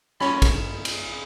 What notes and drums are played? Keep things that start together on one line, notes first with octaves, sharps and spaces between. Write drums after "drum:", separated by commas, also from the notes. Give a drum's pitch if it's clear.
C#4 B5, drum: rim click
drum: kick, cymbal
drum: cymbal